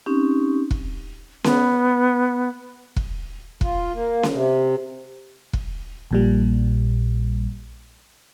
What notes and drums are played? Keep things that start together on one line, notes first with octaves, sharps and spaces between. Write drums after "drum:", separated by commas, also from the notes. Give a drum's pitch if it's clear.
C4 C#4 D#4 G4
drum: kick F1
B3, drum: snare C#4
drum: kick F1
F4, drum: kick F1
A#3
drum: snare C#4
C3
drum: kick F1
A#1 A#2 G3